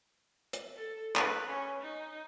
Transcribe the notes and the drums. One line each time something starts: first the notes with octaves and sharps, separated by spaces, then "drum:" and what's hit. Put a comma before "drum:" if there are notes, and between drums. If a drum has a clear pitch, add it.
drum: hi-hat
A4
B4, drum: clap
C#4
D#4